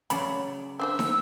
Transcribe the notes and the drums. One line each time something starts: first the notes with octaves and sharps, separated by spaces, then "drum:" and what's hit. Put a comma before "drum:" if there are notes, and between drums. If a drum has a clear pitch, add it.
C#3 F#3 D5 B5, drum: hi-hat
C4 D4 C5 E6
drum: snare